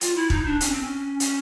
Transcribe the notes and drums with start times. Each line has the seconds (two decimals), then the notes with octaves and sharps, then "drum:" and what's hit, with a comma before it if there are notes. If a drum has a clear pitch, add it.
0.01 F4, drum: hi-hat
0.16 E4
0.30 D#4, drum: kick
0.45 D4
0.61 C#4, drum: hi-hat
0.72 C4
0.82 C#4
1.20 C#4, drum: hi-hat